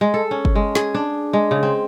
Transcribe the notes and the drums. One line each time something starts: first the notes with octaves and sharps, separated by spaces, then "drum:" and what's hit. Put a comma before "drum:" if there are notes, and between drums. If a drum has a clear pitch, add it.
G#3
A4
C#4
drum: kick G1
G#3
G#4, drum: snare
D4
G#3
C#3
C4